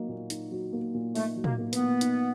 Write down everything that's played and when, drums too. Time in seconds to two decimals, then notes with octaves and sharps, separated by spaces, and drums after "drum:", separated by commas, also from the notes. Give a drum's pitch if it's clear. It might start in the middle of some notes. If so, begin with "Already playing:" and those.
Already playing: F#3 A#3 D#4
0.09 A#2
0.30 D#4, drum: hi-hat
0.51 F#3
0.73 A#3
0.94 A#2
1.15 A3 D#4, drum: open hi-hat
1.36 F#3
1.44 A#3, drum: tom
1.58 A#3
1.73 B3, drum: hi-hat
1.80 A#2
2.01 D#4, drum: hi-hat